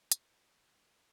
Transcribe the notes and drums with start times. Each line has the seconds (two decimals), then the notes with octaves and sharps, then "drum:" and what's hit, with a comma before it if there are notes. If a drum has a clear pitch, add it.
0.12 G6, drum: hi-hat
0.49 C#5 B5